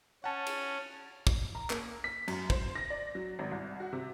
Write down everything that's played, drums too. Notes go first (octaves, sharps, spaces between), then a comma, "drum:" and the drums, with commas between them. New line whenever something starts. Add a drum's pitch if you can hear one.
C#4 F#5 A5
drum: cymbal
drum: kick
A#5
A#3, drum: clap
B6
F#2, drum: cymbal
C5, drum: kick
A#6
D5
F#3
G#1
C2
F#4
C3